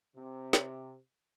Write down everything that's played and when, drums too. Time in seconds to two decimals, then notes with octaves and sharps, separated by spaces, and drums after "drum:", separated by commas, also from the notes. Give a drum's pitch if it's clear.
0.16 C3
0.53 drum: snare